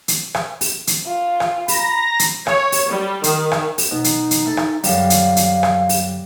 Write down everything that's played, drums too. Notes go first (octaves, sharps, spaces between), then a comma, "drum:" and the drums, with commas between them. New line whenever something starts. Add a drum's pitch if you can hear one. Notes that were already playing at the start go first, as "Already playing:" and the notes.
drum: hi-hat
drum: rim click
drum: open hi-hat
drum: hi-hat
F4
drum: rim click
A#5 B5 A#6, drum: open hi-hat
drum: hi-hat
C#5, drum: rim click
drum: open hi-hat
G3
D#3, drum: hi-hat
drum: rim click
drum: open hi-hat
B2 D#4
drum: hi-hat
drum: hi-hat
E4 A4 A5
drum: rim click
F#2 D3 G3 F5, drum: open hi-hat
drum: hi-hat
drum: hi-hat
drum: rim click
drum: open hi-hat